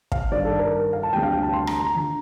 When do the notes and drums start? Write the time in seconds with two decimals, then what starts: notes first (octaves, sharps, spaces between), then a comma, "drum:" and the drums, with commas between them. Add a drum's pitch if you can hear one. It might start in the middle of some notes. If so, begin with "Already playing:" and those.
0.12 F5, drum: kick
0.32 G2 D#3 G3 D5
0.45 A4
0.59 A#4
0.93 F5
1.03 A5
1.13 D2 C3 G3 G5
1.23 F5
1.33 G5
1.43 A5
1.54 C6
1.67 A#5, drum: rim click
1.80 A#5
1.94 D3 F3